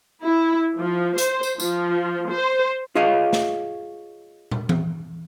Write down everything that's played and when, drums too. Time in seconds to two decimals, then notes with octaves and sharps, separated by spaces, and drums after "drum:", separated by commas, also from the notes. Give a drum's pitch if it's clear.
0.24 E4
0.80 F3
1.18 C5, drum: hi-hat
1.43 drum: tambourine
1.60 F3, drum: tambourine
2.33 C5
2.95 F4 G#4 C#5 D#5 F5
3.33 drum: snare
4.51 drum: tom
4.69 drum: tom E3